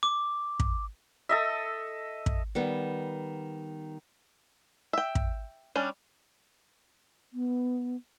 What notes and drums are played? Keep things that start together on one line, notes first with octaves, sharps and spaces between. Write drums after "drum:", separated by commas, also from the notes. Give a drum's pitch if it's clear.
D6
drum: kick
A4 D#5 E5
drum: kick
D#3 G3 B3
E5 G5
drum: kick
G3 C#4 D4
B3